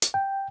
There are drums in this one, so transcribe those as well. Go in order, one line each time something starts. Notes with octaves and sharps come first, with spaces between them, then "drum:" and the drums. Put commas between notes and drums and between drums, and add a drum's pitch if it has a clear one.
drum: hi-hat
G5